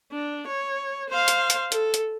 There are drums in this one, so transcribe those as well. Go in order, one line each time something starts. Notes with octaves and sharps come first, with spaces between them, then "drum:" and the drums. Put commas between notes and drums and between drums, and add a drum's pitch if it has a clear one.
D4
C#5
C5 F5
drum: hi-hat
drum: hi-hat
A4, drum: hi-hat
drum: hi-hat